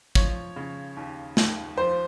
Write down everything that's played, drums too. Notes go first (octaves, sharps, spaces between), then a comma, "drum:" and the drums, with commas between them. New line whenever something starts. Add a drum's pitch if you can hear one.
F3 C#5, drum: kick
C#3
D#2
D#2, drum: snare
F3 C5